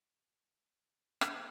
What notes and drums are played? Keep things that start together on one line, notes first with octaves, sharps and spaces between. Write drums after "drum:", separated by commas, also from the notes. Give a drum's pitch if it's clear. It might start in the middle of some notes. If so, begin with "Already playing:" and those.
G#4
drum: rim click